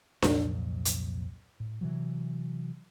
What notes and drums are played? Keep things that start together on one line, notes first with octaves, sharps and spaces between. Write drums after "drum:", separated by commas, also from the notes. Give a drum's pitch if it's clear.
C2 F2 A#2 F#3, drum: snare D4
drum: hi-hat
A2
C3 E3 F#3